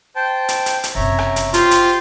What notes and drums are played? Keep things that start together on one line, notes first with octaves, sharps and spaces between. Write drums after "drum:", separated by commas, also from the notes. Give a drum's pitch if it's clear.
C5 G5 A5
drum: hi-hat
drum: hi-hat
drum: hi-hat
F#1 C3 C#5 E5 A#5
drum: rim click
drum: hi-hat
F4 G4 C5 C6, drum: hi-hat
drum: hi-hat